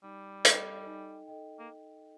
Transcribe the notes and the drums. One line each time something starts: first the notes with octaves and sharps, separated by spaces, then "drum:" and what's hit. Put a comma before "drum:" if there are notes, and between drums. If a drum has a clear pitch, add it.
G3 D#4
A4 D#5 G5, drum: hi-hat
D#4
A4 D#5 G5
A#3